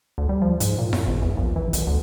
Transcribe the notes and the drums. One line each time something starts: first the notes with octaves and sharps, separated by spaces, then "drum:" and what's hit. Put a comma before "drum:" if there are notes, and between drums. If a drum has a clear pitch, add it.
D2
G3
F3
G#2, drum: hi-hat
A#2
F#2, drum: snare E4
G#1
E2
A#1
E3
B1, drum: hi-hat
D2